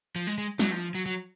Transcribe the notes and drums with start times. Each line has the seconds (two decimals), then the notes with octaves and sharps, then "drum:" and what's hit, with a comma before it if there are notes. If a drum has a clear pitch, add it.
0.16 F3
0.27 G#3
0.38 G#3
0.59 F#3, drum: snare
0.72 F3
0.95 F#3
1.06 F#3